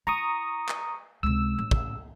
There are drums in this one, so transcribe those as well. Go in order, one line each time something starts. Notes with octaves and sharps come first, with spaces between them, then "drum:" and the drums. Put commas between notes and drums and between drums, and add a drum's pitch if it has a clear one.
E4 A#5 C#6 D#6
drum: clap
C#2 C3 E6
A1
drum: kick